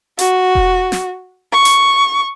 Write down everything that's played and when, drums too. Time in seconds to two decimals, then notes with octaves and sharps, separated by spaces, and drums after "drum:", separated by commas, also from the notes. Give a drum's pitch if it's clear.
0.19 F#4, drum: hi-hat
0.55 drum: kick E1
0.92 drum: snare
1.53 C#6
1.65 drum: hi-hat